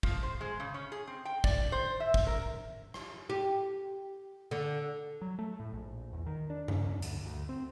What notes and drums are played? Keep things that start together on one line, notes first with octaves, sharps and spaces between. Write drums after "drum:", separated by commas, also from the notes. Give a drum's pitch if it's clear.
F3, drum: kick
C5
G#3
C#3
C#4
G#4
C4
G5
D5, drum: kick
C5
E5
drum: kick
A#4
drum: rim click
G4
D3
F#3
A3
A2
A#1
E2
D#3
D4
C#3, drum: tom G2
F2
D2, drum: hi-hat
D2
C4